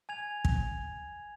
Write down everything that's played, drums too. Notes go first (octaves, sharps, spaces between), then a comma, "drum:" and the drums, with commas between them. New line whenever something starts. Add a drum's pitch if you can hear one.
G#5 G#6 F7
drum: kick